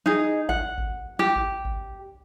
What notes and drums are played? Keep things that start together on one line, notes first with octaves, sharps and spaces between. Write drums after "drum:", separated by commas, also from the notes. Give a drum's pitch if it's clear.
D#4 G#4
F#5, drum: kick G#1
drum: kick G#1
G4
drum: kick G#1
drum: kick G#1